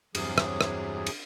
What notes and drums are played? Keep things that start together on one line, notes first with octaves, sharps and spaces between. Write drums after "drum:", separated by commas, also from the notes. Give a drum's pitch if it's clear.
E2 G2 C3 F#3 G#4, drum: cymbal
drum: rim click
drum: rim click
drum: cymbal